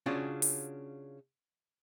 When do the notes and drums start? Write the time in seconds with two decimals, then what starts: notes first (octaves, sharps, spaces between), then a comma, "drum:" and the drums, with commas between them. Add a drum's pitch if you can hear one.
0.06 C#3 C#4 D4 F4 F#4
0.42 drum: open hi-hat